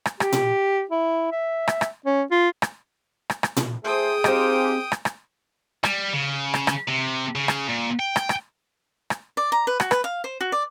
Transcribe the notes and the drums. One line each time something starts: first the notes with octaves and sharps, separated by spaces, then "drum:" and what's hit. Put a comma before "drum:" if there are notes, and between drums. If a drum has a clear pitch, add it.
drum: rim click
G4, drum: rim click
drum: tom A#2
E4
E5
drum: rim click
drum: rim click
C#4
F4
drum: rim click
drum: rim click
drum: rim click
drum: tom A#2
A3 E4 G#4 C5 G5 D#6
C4 D#4 F4 G4 D#5, drum: rim click
drum: rim click
drum: rim click
G3, drum: rim click
C#3
drum: rim click
drum: rim click
C3
C#3
drum: rim click
A#2
G5
drum: rim click
drum: rim click
drum: rim click
D5
A#5
B4
F#4, drum: rim click
B4, drum: rim click
F5
C5
F#4
D5